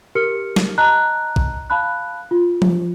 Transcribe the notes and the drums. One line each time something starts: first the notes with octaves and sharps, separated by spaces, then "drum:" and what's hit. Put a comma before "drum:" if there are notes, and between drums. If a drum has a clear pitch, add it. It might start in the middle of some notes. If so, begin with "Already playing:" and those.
G4 A#4 F6 C#7
drum: snare
D#5 A5 A#5 F#6
drum: kick
F5 A5 B5 F#6
F4
drum: tom F3